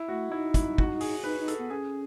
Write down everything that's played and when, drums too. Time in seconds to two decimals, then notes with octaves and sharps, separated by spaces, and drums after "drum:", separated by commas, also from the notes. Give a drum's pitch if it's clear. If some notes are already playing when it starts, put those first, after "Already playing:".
Already playing: E4
0.08 A3 F#4
0.31 D#4 E4
0.54 E4, drum: kick, hi-hat
0.78 F#4, drum: kick
1.00 G#4, drum: open hi-hat
1.24 D#4 B4
1.40 D#4
1.48 A4, drum: hi-hat
1.58 B3
1.70 C#4 G#4